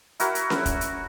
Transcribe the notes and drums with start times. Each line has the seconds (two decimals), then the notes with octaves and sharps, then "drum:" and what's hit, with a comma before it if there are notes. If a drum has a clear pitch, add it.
0.20 E4 F#4 A#4, drum: hi-hat
0.35 drum: hi-hat
0.50 drum: snare C#4
0.66 drum: kick, hi-hat
0.81 drum: hi-hat